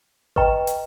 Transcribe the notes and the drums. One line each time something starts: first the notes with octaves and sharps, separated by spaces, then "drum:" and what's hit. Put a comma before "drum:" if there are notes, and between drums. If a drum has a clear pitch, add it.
B4 D#5 G5 A#5 C#6, drum: kick G#1
drum: hi-hat